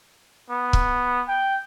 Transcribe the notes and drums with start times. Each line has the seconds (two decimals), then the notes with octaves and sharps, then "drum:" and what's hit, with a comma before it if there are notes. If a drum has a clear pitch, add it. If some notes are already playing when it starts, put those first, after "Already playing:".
0.50 B3
0.73 drum: kick
1.28 G5